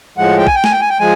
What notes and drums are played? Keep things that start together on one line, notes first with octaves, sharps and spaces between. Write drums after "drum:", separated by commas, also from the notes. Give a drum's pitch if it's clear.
A2 F3 G#3 F#5
G5
G#5, drum: kick
G5
G#5, drum: snare
G5
G#5
G5
F3 G#3 G#5